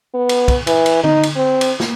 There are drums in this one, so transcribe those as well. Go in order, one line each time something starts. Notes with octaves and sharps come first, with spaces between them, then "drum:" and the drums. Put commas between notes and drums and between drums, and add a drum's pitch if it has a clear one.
B3
drum: cymbal
drum: kick, cymbal
E3, drum: cymbal
drum: cymbal
D#4, drum: tom D3
drum: cymbal
C4
drum: cymbal
drum: snare